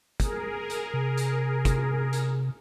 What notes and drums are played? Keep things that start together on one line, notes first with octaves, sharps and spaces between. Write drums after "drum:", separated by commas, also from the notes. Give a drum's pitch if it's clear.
G#4 A#4, drum: kick, hi-hat
drum: hi-hat
C3
drum: hi-hat
drum: kick, hi-hat
drum: hi-hat